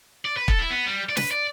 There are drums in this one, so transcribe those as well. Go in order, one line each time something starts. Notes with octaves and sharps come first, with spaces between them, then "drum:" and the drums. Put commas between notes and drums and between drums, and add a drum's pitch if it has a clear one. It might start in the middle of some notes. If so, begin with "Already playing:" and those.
D5
B4
A4, drum: kick
E4
B3
G3
D5
B4, drum: snare
D5